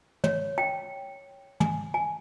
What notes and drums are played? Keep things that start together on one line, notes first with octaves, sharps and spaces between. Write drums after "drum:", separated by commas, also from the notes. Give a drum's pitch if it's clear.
C#5, drum: tom
G5
G#5, drum: tom
G#5